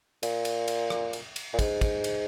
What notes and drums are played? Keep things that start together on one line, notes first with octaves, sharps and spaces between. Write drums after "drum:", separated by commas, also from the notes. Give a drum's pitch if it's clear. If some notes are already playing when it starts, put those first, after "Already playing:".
A#2, drum: cymbal
drum: cymbal
drum: cymbal
drum: rim click
drum: cymbal
drum: cymbal
A#2
G#2, drum: kick, cymbal
drum: kick, cymbal
drum: cymbal